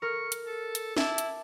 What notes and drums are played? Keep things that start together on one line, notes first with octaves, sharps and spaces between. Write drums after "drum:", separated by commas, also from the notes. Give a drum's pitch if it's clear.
A#4 C#6 F6
drum: hi-hat
A4
drum: hi-hat
E4 E5 A5 D6, drum: snare
drum: hi-hat